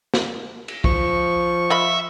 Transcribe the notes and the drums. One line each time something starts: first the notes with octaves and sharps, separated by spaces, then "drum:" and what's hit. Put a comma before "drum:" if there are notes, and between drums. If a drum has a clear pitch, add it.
drum: snare
drum: cymbal
F3 C#6, drum: kick
F4 D#5 E5 B5